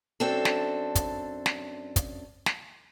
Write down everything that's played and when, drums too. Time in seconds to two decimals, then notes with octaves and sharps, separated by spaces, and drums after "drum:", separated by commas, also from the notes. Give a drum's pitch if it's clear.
0.20 F#2 C4 D4 A4
0.45 drum: snare
0.95 drum: kick, hi-hat
1.46 drum: snare
1.96 drum: kick, hi-hat
2.46 drum: snare